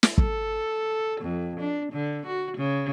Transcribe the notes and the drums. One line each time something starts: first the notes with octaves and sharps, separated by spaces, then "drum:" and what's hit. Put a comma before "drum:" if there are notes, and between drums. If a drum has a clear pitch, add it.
drum: snare
A4, drum: kick
F2
D4
D3
F#4
C#3